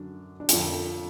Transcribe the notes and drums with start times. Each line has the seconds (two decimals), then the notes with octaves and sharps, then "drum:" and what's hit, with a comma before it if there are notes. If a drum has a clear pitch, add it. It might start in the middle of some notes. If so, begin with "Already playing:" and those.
Already playing: F#2 D3 F#3 D4
0.40 D4
0.49 F2 D3 F3 F4, drum: hi-hat